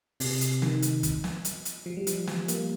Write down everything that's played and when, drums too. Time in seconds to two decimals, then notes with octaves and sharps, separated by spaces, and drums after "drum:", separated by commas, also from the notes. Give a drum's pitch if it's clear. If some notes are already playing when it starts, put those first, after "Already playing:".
0.20 C3, drum: open hi-hat
0.41 drum: hi-hat
0.62 D#3, drum: snare
0.82 drum: hi-hat
1.03 drum: kick, hi-hat
1.24 drum: snare
1.45 drum: hi-hat
1.65 drum: hi-hat
1.86 F3
1.97 G3
2.07 F3, drum: hi-hat
2.27 G3, drum: snare
2.48 A#3, drum: hi-hat